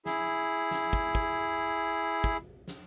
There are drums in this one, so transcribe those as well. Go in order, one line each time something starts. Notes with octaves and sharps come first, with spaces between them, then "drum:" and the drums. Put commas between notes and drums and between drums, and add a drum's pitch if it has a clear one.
E4 G#4, drum: snare
drum: snare
drum: kick
drum: kick
drum: kick
drum: snare